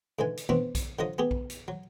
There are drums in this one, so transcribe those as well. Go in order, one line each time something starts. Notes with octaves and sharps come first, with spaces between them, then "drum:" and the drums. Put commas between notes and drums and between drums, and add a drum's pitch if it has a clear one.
G#2 D3 E3 G#5
drum: hi-hat
B3 C4 D4 E4 F#4 B4
drum: kick A#1, hi-hat
D3 F3 F#3 D#5 D#6
B3 G4 G#4
drum: kick A#1
drum: hi-hat
F#3